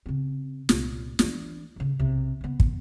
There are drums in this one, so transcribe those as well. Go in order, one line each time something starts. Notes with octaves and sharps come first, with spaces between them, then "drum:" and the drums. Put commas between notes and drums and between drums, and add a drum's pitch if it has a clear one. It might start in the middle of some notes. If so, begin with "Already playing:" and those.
C#3 C4
C2 A#2, drum: snare
E3 D4, drum: snare
G2 C#3
B1 C3
C#3 B3
drum: kick